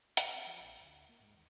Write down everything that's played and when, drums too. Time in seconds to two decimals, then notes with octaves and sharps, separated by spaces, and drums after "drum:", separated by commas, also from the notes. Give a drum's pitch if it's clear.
0.17 F2, drum: hi-hat
0.35 C4
0.47 F3
0.61 A#1
0.81 D2
1.09 A#3
1.20 G#2
1.35 D#2